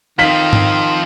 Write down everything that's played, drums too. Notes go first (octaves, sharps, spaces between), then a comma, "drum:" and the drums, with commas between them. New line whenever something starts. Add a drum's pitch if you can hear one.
D#3 F3 C4 F5 B6
drum: tom G#2